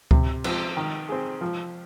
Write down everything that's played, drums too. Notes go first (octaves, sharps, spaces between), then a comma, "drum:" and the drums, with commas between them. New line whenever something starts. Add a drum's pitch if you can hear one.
C3, drum: kick C#2
F3 C4, drum: cymbal
D#3
C4 G#4
F3